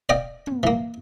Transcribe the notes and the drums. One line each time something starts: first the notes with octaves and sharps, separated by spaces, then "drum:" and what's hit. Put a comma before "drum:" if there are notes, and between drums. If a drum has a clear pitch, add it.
D5 D#5 F5 G5 D6
drum: tom
E3 A#3